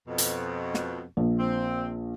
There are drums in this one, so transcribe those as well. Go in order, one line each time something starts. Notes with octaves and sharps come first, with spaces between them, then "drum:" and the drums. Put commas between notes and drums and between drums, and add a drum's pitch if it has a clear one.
F2 B2
drum: hi-hat
drum: snare
A#1
C4